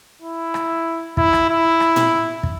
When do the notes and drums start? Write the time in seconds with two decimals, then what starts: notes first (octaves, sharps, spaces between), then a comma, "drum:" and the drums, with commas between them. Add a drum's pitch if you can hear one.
0.22 E4
0.54 drum: rim click
1.17 E4, drum: kick
1.33 drum: rim click
1.49 E4
1.80 drum: rim click
1.96 drum: tom A2
2.43 drum: kick